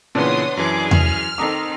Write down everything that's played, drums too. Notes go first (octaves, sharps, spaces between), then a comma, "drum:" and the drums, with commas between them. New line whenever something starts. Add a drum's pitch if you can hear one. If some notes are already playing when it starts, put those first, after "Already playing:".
A#2 C#3 E3 B3 D4 C#5 C6 D#6
F#2 E3 G#4 D6
F6, drum: tom E2
D#3 C4 A4 A#5 D6 D#6